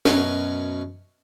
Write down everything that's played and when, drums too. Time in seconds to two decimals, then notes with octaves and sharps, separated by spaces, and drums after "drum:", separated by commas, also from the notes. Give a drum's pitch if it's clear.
0.05 F#2 B2 A#4 B4 C#5 C#6, drum: snare